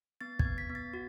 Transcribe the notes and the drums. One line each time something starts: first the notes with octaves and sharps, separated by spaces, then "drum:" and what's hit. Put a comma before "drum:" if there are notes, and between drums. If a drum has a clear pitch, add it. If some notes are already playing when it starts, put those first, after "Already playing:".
B3 A6
G#6, drum: kick
B3
B6
B3
A6
F#4